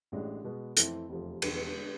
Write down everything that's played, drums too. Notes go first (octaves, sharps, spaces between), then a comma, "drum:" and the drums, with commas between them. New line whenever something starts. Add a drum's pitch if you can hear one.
A1 A2 G#3 D4
B2 G#3 B3
F2 E3 A3 C4 E4, drum: hi-hat
F1 E2 C3 F3 A3
E1 E2 D3 F3 G#3, drum: cymbal
D3 G#3